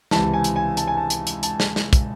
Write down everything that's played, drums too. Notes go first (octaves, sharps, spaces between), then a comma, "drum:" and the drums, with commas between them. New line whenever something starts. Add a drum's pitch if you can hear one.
C#2 C3 E3 A5, drum: snare
G#5
drum: hi-hat
G#5
A5, drum: hi-hat
G#5
A5
drum: hi-hat
drum: hi-hat
A5, drum: hi-hat
drum: snare
drum: snare
drum: kick, hi-hat